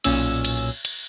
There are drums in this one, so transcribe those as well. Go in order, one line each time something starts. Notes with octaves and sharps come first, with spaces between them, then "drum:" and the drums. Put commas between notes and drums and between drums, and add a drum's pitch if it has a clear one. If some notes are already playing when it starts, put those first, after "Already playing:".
B1 A#2 C#4 E6, drum: cymbal
drum: cymbal
drum: cymbal